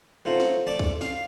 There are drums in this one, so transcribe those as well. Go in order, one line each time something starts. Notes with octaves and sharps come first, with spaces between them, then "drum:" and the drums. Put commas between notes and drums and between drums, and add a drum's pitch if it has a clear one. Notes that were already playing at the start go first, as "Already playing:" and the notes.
F#3 A3 C4 F4 C5
drum: snare
A3 D5 A5
drum: kick
F5, drum: snare